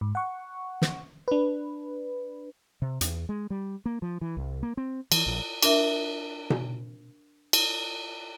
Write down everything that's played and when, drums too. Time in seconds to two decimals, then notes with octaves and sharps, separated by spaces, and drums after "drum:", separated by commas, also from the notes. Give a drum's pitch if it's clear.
0.01 G#2
0.15 F#5 C#6
0.82 drum: snare
1.28 D4 B4
2.82 C3
3.01 E2, drum: hi-hat
3.29 G#3
3.50 G3
3.86 A#3
4.02 F3
4.21 E3
4.37 C2
4.63 A#3
4.77 C4
5.12 E3, drum: cymbal
5.26 A#1
5.62 D4 A#4 E5, drum: cymbal
6.50 drum: tom B2
7.53 drum: cymbal